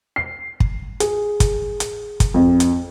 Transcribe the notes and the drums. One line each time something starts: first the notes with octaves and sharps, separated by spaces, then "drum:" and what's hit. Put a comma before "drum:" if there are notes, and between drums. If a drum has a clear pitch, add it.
C7
drum: kick
G#4, drum: hi-hat
drum: kick, hi-hat
drum: hi-hat
drum: kick, hi-hat
F2
drum: hi-hat